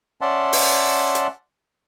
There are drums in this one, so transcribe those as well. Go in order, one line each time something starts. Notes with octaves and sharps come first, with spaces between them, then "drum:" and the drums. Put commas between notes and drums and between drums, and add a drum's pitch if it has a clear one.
C#4 D5 E5 F#5 A5 C6
drum: open hi-hat
drum: hi-hat